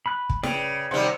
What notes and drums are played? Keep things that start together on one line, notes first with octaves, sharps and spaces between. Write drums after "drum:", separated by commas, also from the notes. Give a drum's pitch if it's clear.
B5 F#6
drum: kick
C#3 B4 D5 G5, drum: snare
C3 D#3 G3 F#5 C6